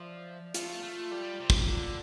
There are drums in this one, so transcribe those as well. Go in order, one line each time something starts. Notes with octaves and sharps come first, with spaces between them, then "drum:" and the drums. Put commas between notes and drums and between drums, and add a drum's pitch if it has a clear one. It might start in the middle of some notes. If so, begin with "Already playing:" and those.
Already playing: F3 D5 E5
A3 F4, drum: hi-hat
A3
G3
C3
drum: kick
D3